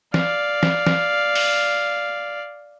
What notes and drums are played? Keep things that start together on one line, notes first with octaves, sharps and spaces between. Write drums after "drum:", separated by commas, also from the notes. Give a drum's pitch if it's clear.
D5 F5, drum: snare
drum: snare
drum: snare
drum: open hi-hat